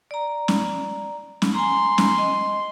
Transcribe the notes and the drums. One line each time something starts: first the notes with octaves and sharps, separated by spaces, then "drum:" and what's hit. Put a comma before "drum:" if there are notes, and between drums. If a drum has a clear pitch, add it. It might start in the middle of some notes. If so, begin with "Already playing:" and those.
D5 A#5
drum: snare C#4
drum: snare C#4
G#5 A#5 C6
drum: snare C#4
D#5